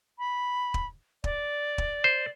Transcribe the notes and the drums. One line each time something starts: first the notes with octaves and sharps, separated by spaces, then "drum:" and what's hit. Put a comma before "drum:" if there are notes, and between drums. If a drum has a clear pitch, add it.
B5
drum: kick
D5, drum: kick
drum: kick
C5